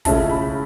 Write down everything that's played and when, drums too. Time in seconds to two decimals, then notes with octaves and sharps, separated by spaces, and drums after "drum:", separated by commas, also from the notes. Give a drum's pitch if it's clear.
0.05 C#2 C#3 A3 C#4 E4 A5, drum: kick, hi-hat
0.31 B5